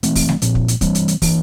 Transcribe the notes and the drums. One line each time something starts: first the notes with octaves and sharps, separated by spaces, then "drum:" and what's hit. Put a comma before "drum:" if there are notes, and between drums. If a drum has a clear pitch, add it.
E3 A3 C4, drum: hi-hat
drum: kick, open hi-hat
drum: snare G3
A#2 F3 C4, drum: hi-hat
drum: kick
drum: hi-hat
E3 G3 C4, drum: kick, hi-hat
drum: hi-hat
drum: hi-hat
E3 A#3 D4, drum: kick, open hi-hat